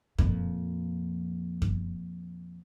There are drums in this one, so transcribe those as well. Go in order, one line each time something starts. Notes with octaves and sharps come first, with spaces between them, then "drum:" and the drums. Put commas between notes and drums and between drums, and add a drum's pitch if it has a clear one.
F2 A#2, drum: kick F#2
drum: kick F#2